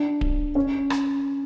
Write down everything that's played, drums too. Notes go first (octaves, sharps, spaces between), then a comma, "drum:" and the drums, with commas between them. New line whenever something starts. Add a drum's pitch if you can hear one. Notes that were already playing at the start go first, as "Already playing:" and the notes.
Already playing: D4
drum: kick D1
C#4
drum: rim click